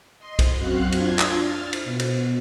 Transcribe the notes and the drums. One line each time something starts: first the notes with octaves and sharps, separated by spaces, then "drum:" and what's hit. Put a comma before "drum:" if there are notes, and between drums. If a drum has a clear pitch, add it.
D#5 C6
drum: kick B1, cymbal
F#2 C4 F#4 F5 F#6
D4 F4 C6 G#6, drum: cymbal
drum: clap
F6 A6
drum: cymbal
B2
drum: cymbal